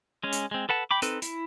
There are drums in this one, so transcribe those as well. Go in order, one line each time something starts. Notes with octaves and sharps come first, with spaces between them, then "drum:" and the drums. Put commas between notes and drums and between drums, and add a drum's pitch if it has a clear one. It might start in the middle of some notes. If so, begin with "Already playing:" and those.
G#3 C#4
drum: hi-hat
G#3 C4
A4 B4 F#5 A5
G5 B5 D6
C4 D#4 A4 B4, drum: hi-hat
E4, drum: hi-hat